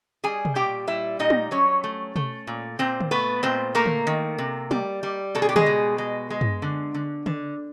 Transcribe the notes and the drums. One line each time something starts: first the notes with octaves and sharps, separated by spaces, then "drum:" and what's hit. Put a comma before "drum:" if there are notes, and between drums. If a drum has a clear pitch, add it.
G3 G#4 G#5
drum: tom
A#2 G4 G5
G3 E4 E5
A#2 D#4 D#5
drum: tom
F#3 C#4 C#5
A3
A3, drum: tom
A#2
A#2 C4 C5
drum: tom
A3 B3 B4
A#2 C4 C5
A3 A#3 A#4
drum: tom
D#3
C3
G3, drum: tom
G3
B2 A4
G#4
G4
G#3 G#4, drum: tom
B2
G#3
G#3
drum: tom
D3
D3
D3, drum: tom